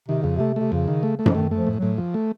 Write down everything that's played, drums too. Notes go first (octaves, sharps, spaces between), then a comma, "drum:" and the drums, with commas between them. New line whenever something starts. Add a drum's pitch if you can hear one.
C3 D#3
F2 C#3
C3 A3
C3 A3
F2 C#3
D#3
A3
A3
F3, drum: tom F#2
D#3 A3
F3 A3
A2
A2 F#3
F3
A3